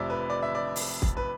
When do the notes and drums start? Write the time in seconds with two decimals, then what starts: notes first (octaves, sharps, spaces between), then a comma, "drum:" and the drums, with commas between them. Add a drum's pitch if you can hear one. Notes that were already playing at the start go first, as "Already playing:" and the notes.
Already playing: F1 F2 C3 C5 D5 E5
0.10 B4
0.30 D5
0.42 E5
0.55 D5
0.76 drum: open hi-hat
1.02 drum: kick
1.17 B4